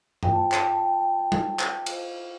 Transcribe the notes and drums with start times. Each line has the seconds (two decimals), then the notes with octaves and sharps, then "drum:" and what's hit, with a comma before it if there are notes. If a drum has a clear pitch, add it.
0.23 F4 C5 G5, drum: tom G2
0.33 A5
0.42 G5
0.52 A5, drum: clap
0.62 G5
0.71 A5
0.81 G5
0.91 A5
1.01 G5
1.10 A5
1.19 G5
1.32 drum: tom G3
1.59 drum: clap
1.86 F4 C5 F5, drum: cymbal